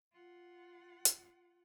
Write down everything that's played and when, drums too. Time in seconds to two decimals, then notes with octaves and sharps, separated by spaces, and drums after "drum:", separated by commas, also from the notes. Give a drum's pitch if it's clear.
0.13 F4 F#5
1.05 drum: hi-hat